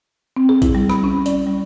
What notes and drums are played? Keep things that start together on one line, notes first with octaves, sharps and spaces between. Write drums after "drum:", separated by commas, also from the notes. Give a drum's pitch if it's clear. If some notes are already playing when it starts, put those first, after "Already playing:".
C4
G#4
E4, drum: kick A#1, hi-hat
G3
B5, drum: rim click
C#4
D5, drum: hi-hat
G3